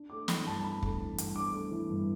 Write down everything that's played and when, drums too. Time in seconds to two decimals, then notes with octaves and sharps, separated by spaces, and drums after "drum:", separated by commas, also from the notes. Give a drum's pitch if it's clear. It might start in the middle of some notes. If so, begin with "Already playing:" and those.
Already playing: D4
0.10 A3 D6
0.28 E3 B5, drum: snare
0.46 G2 A5
0.64 D4 B5
0.83 A3, drum: kick
1.00 E3
1.18 G2, drum: hi-hat
1.35 D4 D6
1.53 A3
1.71 E3
1.90 G2